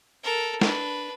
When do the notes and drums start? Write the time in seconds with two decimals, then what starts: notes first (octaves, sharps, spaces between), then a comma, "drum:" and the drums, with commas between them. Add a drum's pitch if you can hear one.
0.23 A4 A#4
0.61 D4 B4, drum: snare